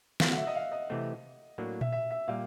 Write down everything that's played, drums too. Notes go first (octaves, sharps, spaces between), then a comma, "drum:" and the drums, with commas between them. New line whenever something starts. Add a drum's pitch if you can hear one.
D3 F#3 A3 F5, drum: snare
F#5
E5
D#5
F5
D#5
C3 E3 A3 C4
A2 F#3 A#3 D4
E5, drum: tom A#2
E5
E5
A#2 G3 A#3 F5